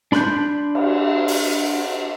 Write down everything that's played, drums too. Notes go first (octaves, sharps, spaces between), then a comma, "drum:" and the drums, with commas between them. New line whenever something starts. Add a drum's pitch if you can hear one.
D4 B5 C6 F#6 G6, drum: snare
drum: cymbal
drum: open hi-hat